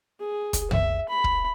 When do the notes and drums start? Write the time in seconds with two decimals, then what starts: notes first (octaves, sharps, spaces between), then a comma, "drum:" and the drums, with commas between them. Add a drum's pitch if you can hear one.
0.20 G#4
0.53 drum: kick, hi-hat
0.71 E5, drum: tom
1.09 B5
1.24 drum: kick